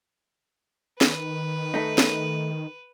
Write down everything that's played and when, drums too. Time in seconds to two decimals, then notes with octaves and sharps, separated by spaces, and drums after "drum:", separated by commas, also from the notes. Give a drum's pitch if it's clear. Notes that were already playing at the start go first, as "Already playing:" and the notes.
1.01 D#3 B4, drum: snare
1.74 A3 D#4
1.98 drum: snare